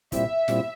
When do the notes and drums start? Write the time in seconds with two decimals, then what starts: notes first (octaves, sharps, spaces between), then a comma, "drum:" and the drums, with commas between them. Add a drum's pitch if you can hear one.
0.12 A#2 G3 C4 E4 E5, drum: kick, hi-hat
0.48 A#2 G3 C4 E4, drum: snare